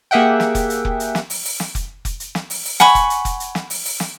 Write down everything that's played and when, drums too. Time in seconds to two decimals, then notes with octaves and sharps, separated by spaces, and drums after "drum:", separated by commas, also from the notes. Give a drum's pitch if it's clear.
0.11 A#3 G4 G#4 E5 F#5 G5
0.40 drum: snare
0.55 drum: kick F1, hi-hat
0.70 drum: hi-hat
0.85 drum: kick F1
1.00 drum: hi-hat
1.15 drum: snare
1.30 drum: open hi-hat
1.45 drum: open hi-hat
1.60 drum: snare
1.75 drum: kick F1, hi-hat
2.05 drum: kick F1, hi-hat
2.20 drum: hi-hat
2.35 drum: snare
2.50 drum: open hi-hat
2.65 drum: open hi-hat
2.80 F#5 G#5 B5 C#6, drum: snare
2.95 drum: kick F1, hi-hat
3.10 drum: hi-hat
3.25 drum: kick F1, hi-hat
3.40 drum: hi-hat
3.55 drum: snare
3.70 drum: open hi-hat
3.85 drum: open hi-hat
4.00 drum: snare